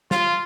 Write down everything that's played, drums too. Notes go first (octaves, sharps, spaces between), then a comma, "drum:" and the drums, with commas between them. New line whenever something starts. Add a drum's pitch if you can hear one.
F4, drum: snare